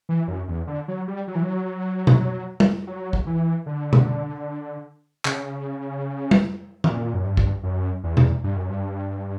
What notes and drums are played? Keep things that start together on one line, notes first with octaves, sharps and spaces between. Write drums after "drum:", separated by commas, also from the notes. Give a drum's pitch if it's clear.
E3
F#2
E2
D3
F#3
G3
F#3
E3
F#3
drum: tom B2
drum: tom
F#3
drum: kick A#1
E3
D3
drum: tom B2
C#3, drum: clap
drum: tom
A#2, drum: tom D#3
F#2
G2
drum: kick A#1
F#2
E2
drum: tom B2
G2
F#2
G2